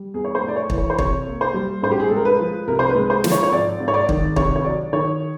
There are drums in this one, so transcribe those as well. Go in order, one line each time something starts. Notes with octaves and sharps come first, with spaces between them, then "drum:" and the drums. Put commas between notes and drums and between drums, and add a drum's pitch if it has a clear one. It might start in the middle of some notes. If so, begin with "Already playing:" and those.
Already playing: G3
E2 G#4
C#5
C5
A3
D5
C#5
E3, drum: kick
C#5
C5
C2 C#5, drum: kick
A#3
C5
G3
A1 C5
G4
G#4
G#3 A4
A#4
B4
F3
C2 A#4
C5
B4
G#3
C5
F3, drum: snare
C#5
C#5
G#1 D5
G#1
C#5
D5
D#3, drum: kick
C2 C#5, drum: kick
C#5
F#3 D5
D#3 C#5